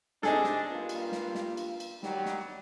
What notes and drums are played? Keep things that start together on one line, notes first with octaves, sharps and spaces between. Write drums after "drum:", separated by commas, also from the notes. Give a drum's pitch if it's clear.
C3 D4 D#4 G#4 A4, drum: snare
drum: snare
G2 A#3 F4
drum: cymbal
drum: snare
drum: snare
drum: cymbal
drum: cymbal
D#3 F#3 G3, drum: snare
drum: snare